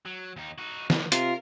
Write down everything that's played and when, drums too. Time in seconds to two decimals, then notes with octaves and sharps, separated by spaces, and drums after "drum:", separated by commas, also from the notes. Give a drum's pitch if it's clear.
0.05 F#3
0.36 D#2 D#4
0.58 D#4 F#4
0.90 A2 D3, drum: snare
1.12 C3 F4 A#4, drum: hi-hat